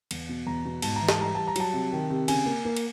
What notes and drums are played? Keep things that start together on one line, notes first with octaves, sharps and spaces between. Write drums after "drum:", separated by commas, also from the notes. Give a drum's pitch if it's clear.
E2, drum: cymbal
B2
E2 A#5
B2
G#2 A5, drum: cymbal
E3 A#5
A5, drum: snare
G3 A#5
G3 A5
A#5
F#3 A5, drum: cymbal
C3
D#3
C3
C#3 G#5, drum: cymbal
A#3
A#3
drum: cymbal